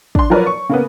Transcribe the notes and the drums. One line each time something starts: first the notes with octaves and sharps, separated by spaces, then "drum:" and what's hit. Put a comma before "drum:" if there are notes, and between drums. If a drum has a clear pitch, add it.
D4 C6, drum: kick
F3 F#3 A#4 B4 C#5 D5
C#6
C#3 A#3 B3